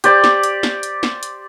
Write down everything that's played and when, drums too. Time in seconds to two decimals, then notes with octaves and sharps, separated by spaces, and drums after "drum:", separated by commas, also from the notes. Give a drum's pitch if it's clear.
0.04 G4 C5 D5, drum: hi-hat
0.24 drum: snare
0.43 drum: hi-hat
0.63 drum: snare
0.83 drum: hi-hat
1.03 drum: snare
1.23 drum: hi-hat